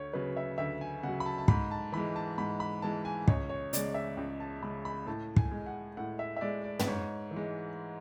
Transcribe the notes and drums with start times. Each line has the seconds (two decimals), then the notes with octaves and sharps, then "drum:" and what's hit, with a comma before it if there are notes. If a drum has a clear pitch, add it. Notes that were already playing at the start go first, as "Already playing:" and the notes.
Already playing: D2 C#5
0.13 C#3 F#3 B4
0.37 E5
0.58 D2 E5
0.81 G#5
1.03 C#3 F#3 F#5
1.20 B5
1.26 A5
1.38 A5
1.48 G#2 B5, drum: kick
1.71 A5
1.92 E3 G#3 B5
2.16 A5
2.38 G#2 B5
2.60 B5
2.82 E3 G#3 A5
3.05 G#5
3.28 C#2 C#5, drum: kick
3.49 C#5
3.73 C#3 G#3 D5, drum: hi-hat
3.94 E5
4.17 C#2
4.40 A5
4.63 C#3 G#3 B5
4.85 B5
5.06 A2 A5
5.36 G#5, drum: kick
5.51 G#3
5.66 F#5
5.97 A2 F#5
6.19 E5
6.36 E5
6.41 G#3 D5
6.64 D5
6.79 B4, drum: tom
6.87 G#2 C#5
7.31 E3
7.36 G#3